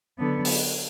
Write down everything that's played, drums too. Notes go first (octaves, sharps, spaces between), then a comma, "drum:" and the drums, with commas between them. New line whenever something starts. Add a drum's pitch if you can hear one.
D3 F#3 B3
drum: open hi-hat